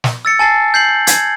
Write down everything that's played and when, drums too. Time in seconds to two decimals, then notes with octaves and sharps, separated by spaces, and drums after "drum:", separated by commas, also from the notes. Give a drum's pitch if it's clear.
0.04 drum: snare
0.25 E6 A6 C#7
0.39 G#5 A5 A6 C7
0.74 G6 C7 F#7
1.07 G#6, drum: hi-hat